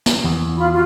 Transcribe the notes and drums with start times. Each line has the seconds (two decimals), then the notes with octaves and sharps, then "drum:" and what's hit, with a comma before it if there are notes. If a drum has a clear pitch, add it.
0.06 drum: snare
0.24 E2
0.57 F4 B5
0.72 F4 F#4